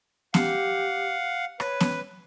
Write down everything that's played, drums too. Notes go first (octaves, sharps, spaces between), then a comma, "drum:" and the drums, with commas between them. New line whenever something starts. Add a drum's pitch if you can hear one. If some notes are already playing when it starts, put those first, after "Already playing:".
G4 F5 F#5, drum: snare B3
B4 C#5, drum: rim click
drum: snare B3